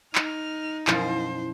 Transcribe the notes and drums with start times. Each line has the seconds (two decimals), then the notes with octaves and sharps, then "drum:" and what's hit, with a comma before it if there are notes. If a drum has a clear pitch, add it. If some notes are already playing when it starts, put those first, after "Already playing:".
0.15 D#4 F6, drum: clap
0.87 F#2 B2 F3 E4 C5, drum: clap